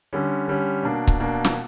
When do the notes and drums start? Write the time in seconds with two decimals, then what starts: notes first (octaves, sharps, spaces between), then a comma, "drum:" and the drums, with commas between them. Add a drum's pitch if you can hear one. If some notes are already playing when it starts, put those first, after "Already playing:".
0.13 D3 G3 C#4
0.48 D3 G3 C#4
0.83 B2 A#3 D4
1.07 drum: kick C#1
1.20 B2 A#3 D4
1.45 drum: snare